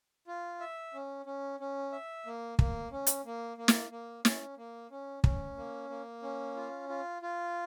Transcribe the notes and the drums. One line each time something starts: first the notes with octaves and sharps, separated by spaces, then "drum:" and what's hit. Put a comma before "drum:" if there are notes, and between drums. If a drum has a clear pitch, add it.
F4
E5
C#4
C#4
C#4
E5
A#3
A#3, drum: kick
C#4
drum: hi-hat
A#3
A#3
drum: snare
A#3
C#4, drum: snare
A#3
C#4
C#4, drum: kick
A#3
A#3
C#4
F4
F4
F4